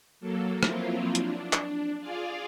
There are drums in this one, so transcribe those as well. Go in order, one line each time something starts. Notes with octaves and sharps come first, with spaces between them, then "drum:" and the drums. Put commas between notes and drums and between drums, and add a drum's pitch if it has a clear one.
F#3 A#3 A4
F3 F#3 A#3 C4 E4 F4, drum: rim click
D4, drum: hi-hat
drum: clap
F4 G#4 D5 F5